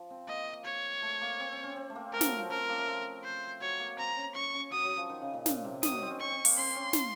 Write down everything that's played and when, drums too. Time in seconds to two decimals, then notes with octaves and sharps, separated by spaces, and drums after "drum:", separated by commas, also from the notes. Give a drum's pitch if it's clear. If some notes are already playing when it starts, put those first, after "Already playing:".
Already playing: F3
0.10 C4
0.28 A#3 D#5
0.65 C#5
1.02 A3
1.21 A#3
1.40 C4
1.52 C4
1.63 C#4
1.76 C4
1.90 A3
1.96 A#3
2.13 A3 A#4
2.21 F3 F#3, drum: snare
2.38 F3
2.50 C#4 A#4
2.60 C4
2.69 A#3
2.78 A3
2.88 F3
3.24 C5
3.61 F#3 C#5
3.79 A#3
3.98 C4 A#5
4.17 C#4
4.35 C#4 C#6
4.54 C#4
4.72 F#3 D#6
4.84 F#3
4.97 F3
5.10 D#3
5.22 C#3
5.33 A#2
5.46 A#2, drum: snare
5.64 C3
5.83 D#3 D#6, drum: snare
5.92 F#3
6.02 C4
6.10 C#4
6.20 C4 C#6
6.32 C4
6.45 A#3, drum: open hi-hat
6.57 C4 C6
6.75 C#4
6.93 drum: snare